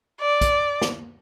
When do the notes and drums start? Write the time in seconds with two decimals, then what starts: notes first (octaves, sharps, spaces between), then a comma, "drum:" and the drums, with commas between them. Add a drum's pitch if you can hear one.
0.21 D5
0.41 drum: kick, hi-hat
0.82 drum: snare